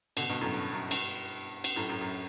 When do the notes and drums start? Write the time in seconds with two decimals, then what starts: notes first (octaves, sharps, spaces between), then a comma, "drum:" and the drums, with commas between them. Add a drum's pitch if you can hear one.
0.17 B2 D3, drum: cymbal
0.29 G2 B2
0.41 F#2 A2
0.54 G2
0.73 F#2
0.91 G2, drum: cymbal
1.64 drum: cymbal
1.76 F#2 A2
1.89 F#2 A2
2.01 F#2